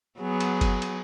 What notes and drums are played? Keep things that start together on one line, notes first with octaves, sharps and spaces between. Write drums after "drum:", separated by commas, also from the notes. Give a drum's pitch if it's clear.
F#3 B3 G#4
drum: cymbal
drum: kick G1, cymbal
drum: cymbal